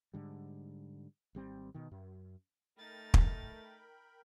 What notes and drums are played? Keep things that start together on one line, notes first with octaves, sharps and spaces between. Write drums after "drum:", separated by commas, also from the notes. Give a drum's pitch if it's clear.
G#2 D3 G3
G#1 G3 C4
B2 D#3
F#2
A3 D#4 A#4 G5 B5 A6
drum: kick